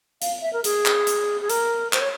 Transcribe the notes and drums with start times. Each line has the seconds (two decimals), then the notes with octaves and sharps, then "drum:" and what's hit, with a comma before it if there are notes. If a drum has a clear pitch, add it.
0.22 F5, drum: hi-hat
0.42 E5
0.53 A#4
0.64 G#4, drum: hi-hat
0.85 drum: clap
1.07 drum: hi-hat
1.41 G#4
1.50 A#4, drum: hi-hat
1.93 C5, drum: clap
2.01 C#5